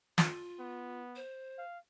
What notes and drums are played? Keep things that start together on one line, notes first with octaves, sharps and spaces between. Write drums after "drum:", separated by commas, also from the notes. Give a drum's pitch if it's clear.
F4, drum: snare
B3
C5
F5